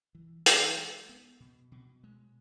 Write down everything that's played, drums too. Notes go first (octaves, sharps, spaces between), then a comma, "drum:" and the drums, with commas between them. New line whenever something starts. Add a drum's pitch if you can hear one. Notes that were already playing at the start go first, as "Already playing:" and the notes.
E3
E3, drum: hi-hat
G#3
B3
B2
B2
G#3